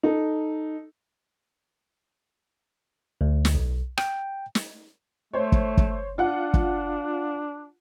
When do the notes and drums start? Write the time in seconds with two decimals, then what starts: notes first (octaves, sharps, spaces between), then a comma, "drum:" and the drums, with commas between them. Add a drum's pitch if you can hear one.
0.03 D#4 A4
3.21 D2
3.45 drum: snare
3.55 B1
3.98 G5, drum: rim click
4.55 drum: snare
5.33 A3 C5 C#5
5.52 drum: kick
5.77 drum: kick
6.18 D4 F4 F#5
6.54 drum: kick